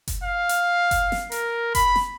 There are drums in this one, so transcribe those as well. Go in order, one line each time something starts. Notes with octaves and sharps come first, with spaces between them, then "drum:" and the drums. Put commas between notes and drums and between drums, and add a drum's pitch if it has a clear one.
drum: kick F#1, hi-hat
F5
drum: hi-hat
drum: kick F#1, hi-hat
drum: snare
A#4, drum: hi-hat
B5, drum: kick F#1, hi-hat
drum: snare